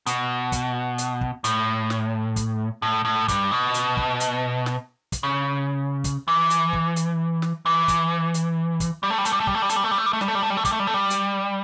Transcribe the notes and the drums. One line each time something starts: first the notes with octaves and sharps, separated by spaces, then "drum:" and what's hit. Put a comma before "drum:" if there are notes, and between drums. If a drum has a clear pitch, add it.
B2, drum: hi-hat
drum: kick, hi-hat
drum: hi-hat
drum: kick
A2, drum: hi-hat
drum: snare
drum: kick, hi-hat
A2
A2
G2, drum: kick, hi-hat
B2
drum: hi-hat
drum: kick
drum: hi-hat
drum: snare
drum: kick, hi-hat
C#3
drum: kick, hi-hat
E3
drum: hi-hat
drum: kick
drum: hi-hat
drum: snare
E3
drum: kick, hi-hat
drum: hi-hat
drum: kick, hi-hat
G3
A3
G3
A3, drum: hi-hat
G3
A3
G3, drum: kick
A3
G3
A3, drum: hi-hat
G3
A3
G3
A3
G3
A3
G3, drum: snare
A3
G3
A3
G3
A3
G3, drum: kick, hi-hat
A3
G3
A3
G3
drum: hi-hat